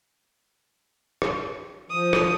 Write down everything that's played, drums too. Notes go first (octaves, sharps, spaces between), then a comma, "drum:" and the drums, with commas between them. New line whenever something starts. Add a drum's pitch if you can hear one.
drum: rim click
F3 D#6
drum: rim click